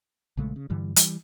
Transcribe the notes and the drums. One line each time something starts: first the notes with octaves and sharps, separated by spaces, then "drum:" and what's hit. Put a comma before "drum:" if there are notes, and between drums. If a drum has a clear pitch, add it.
A#1 C#3 G#3 A3
C#3
G2 D3 E3 G3
E3 G3, drum: hi-hat